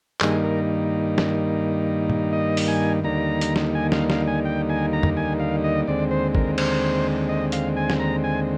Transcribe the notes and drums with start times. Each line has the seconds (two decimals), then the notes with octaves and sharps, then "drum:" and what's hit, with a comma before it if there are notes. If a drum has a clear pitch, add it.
0.21 G2 D#3 G3 A#3 D#4 G#4, drum: clap
0.44 A#4
1.18 drum: snare
2.10 drum: tom
2.33 D#5
2.57 drum: open hi-hat
2.68 G#5
3.04 D#2 D3 G3 A#3 D#4 A#5
3.41 drum: hi-hat
3.56 drum: snare
3.75 G#5
3.92 F5, drum: snare
4.10 F5, drum: snare
4.27 G#5
4.45 G5
4.70 G#5
4.93 A#5
5.03 drum: tom F2
5.17 G#5
5.40 F5
5.64 D#5
5.87 D#2 D3 G#3 C4 D5
6.11 C5
6.35 A#4, drum: kick A1
6.58 C5, drum: cymbal
7.29 D#5
7.52 F5, drum: hi-hat
7.77 G#5
7.90 drum: snare
8.00 A#5
8.24 G#5